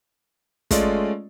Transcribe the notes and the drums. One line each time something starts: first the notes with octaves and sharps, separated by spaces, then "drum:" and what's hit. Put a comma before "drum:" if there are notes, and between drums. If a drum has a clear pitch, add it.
G#3 A3 C#4 F4 D5 D#5, drum: kick, hi-hat